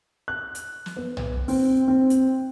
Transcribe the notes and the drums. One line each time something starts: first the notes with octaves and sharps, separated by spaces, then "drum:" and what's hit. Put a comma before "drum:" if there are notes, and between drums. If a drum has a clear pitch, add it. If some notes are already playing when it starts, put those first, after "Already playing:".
F#6
drum: hi-hat
drum: snare
B3
drum: tom B1
C4, drum: open hi-hat
C4
drum: hi-hat